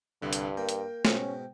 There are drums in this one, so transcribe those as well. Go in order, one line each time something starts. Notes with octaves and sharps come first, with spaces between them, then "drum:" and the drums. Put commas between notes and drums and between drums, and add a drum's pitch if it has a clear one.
C2 G2 D3
drum: hi-hat
A#3 G5
drum: hi-hat
G#2 B2 C#4, drum: snare